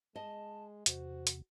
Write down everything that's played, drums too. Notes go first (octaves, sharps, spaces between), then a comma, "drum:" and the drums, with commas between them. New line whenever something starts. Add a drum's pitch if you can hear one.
G#3 D#5 A5
E2 C3 F#4 C5, drum: hi-hat
drum: hi-hat